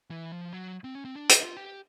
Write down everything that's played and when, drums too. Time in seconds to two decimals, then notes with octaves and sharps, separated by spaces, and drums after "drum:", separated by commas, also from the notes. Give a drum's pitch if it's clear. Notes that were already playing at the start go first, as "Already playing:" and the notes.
0.11 E3
0.32 F3
0.53 F#3
0.84 C4
0.95 C#4
1.05 C4
1.15 D4
1.29 D#4, drum: hi-hat
1.43 F4
1.57 G4